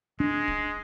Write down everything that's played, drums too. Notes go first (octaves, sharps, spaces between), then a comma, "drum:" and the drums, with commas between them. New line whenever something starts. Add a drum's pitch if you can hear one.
G#3 D4
drum: kick